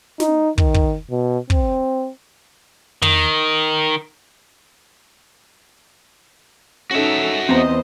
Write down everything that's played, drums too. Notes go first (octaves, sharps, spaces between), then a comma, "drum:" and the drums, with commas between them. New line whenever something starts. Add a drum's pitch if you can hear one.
D#4, drum: snare
D#3, drum: kick
drum: kick
B2
C4, drum: kick
D#3, drum: tom
C#4 D#4 F#4 A4 E5
E2 B3 C4 C5 D#5 A#5